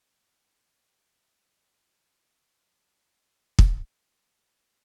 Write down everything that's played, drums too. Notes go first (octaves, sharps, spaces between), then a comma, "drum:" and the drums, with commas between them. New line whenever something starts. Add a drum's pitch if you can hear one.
F#3
F3
C#3
D#3
F3
drum: kick
D#3